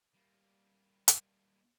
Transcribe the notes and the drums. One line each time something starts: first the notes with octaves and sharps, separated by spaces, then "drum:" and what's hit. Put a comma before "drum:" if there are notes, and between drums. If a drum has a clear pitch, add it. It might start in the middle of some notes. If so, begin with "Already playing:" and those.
G3 A#3
drum: hi-hat